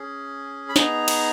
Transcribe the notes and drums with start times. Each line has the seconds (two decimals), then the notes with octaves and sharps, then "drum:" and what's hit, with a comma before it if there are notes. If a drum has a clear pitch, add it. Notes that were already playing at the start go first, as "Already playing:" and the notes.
Already playing: C#4 G#4
0.69 B5
0.76 B3 D#4 G#4 A#5, drum: snare
1.08 drum: cymbal